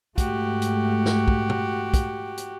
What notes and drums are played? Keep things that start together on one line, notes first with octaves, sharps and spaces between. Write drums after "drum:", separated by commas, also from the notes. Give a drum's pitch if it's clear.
G#2 A3 F#4 G4, drum: kick, hi-hat
drum: hi-hat
drum: snare
drum: kick
drum: tom
drum: kick, hi-hat
drum: hi-hat